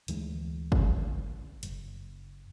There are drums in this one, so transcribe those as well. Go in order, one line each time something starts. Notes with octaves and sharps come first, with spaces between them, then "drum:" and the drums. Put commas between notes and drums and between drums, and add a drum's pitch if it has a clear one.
D2 E3 G#3, drum: hi-hat
drum: kick
F#1, drum: hi-hat